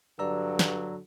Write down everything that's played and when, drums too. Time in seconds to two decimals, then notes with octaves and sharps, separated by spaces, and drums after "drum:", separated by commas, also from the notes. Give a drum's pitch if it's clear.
0.19 G2 D3 F#3 D5 A#5 E6
0.59 drum: snare